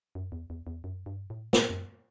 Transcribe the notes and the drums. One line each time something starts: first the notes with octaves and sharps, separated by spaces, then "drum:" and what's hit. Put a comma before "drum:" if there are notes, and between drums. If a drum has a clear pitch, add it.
F#2
E2
E2
E2
F#2
G2
A2
A2, drum: snare
F#2